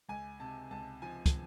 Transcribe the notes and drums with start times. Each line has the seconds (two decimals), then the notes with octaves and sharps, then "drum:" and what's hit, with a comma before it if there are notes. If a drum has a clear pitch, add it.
0.09 C#2 G#5
0.40 C3 A5
0.71 C#2 A5
1.02 F3 G#5
1.26 drum: kick, hi-hat